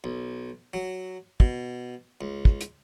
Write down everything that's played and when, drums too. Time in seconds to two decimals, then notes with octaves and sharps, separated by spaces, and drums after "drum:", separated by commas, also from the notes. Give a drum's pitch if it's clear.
0.04 B1
0.74 F#3
1.40 B2, drum: kick
2.21 C#2
2.45 drum: kick
2.61 drum: hi-hat